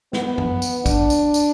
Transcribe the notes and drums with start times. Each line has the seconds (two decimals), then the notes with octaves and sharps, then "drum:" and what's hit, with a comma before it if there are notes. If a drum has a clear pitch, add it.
0.13 B3, drum: snare
0.38 drum: tom F#2
0.62 drum: tambourine
0.86 D4, drum: kick, tambourine
1.10 drum: tambourine
1.34 drum: tambourine